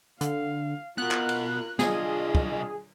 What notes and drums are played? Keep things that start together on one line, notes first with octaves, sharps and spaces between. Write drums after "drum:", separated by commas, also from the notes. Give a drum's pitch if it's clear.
D3 F5, drum: hi-hat
B3 F4 F#4 A#4 F#6
drum: clap
drum: cymbal
C2 D4 F4 G#4 D#5, drum: snare
drum: kick